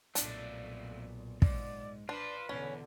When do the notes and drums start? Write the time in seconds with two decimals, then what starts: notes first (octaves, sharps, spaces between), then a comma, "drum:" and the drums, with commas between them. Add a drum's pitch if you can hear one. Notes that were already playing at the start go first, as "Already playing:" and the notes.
0.15 B1 F2 A#2 A3 D4, drum: hi-hat
1.42 G#2 D5, drum: kick
2.09 D4 F4 B4 C5
2.49 E2 B2 D3 C#4